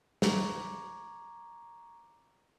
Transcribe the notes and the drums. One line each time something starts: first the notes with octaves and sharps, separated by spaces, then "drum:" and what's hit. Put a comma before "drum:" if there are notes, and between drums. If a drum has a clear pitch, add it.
A#5 C#6 D6 G#6, drum: snare